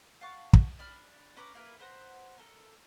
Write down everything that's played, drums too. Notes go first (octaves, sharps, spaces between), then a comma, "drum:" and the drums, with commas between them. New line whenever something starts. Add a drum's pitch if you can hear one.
F5 F#5 A5 C#6
drum: kick
D4 B5 F6
C#4 B4 A#5 D6
A#3 E4 A#4 B4
B4 C5 F#5 A#5
A4 A#4